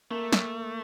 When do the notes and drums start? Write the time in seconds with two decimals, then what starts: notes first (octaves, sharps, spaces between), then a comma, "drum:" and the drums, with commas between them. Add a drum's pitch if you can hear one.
0.11 A3 A#3
0.33 A#3, drum: snare